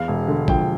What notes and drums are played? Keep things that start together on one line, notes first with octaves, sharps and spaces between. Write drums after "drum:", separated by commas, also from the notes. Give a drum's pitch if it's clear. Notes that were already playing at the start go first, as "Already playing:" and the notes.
Already playing: E2 F5
E1
D3
F3 G5, drum: kick A1